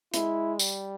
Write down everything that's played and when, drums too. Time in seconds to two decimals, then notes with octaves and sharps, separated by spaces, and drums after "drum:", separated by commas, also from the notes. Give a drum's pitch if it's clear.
0.14 G#3 E4, drum: hi-hat
0.59 G3, drum: tambourine